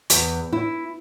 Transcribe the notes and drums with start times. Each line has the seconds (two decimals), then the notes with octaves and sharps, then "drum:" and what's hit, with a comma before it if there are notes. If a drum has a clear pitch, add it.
0.10 E2, drum: hi-hat
0.53 E4